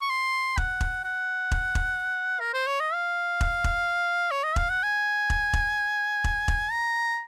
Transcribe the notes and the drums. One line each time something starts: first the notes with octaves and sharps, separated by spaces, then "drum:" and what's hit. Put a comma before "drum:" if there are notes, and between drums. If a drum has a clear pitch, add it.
C#6
C6
F#5, drum: kick E1
drum: kick E1
F#5
drum: kick E1
drum: kick E1
A#4
C5
C#5
D#5
F5
drum: kick E1
drum: kick E1
C#5
D#5
F5, drum: kick E1
F#5
G#5
drum: kick E1
drum: kick E1
drum: kick E1
drum: kick E1
A#5